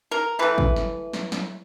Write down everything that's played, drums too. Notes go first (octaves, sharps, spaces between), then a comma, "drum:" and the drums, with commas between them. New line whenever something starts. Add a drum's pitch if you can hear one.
A#4
E3 A3 B4
drum: kick
drum: snare
drum: snare
drum: snare